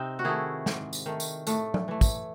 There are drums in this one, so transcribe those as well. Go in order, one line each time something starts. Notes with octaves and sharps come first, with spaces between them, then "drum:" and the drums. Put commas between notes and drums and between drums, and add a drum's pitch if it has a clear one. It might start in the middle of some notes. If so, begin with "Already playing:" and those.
Already playing: C3 C4 D#4
F#4
D#3 A3 E4 G#4
G#2, drum: snare
drum: tambourine
D#3 A3
drum: tambourine
A2 A3, drum: tambourine
drum: tom F#3
E3 A3
drum: kick, tambourine